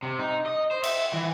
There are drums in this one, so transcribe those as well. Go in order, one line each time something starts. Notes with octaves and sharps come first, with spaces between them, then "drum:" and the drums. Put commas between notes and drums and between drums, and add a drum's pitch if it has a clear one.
C3
D#4
D#5
C5
E5, drum: cymbal
E3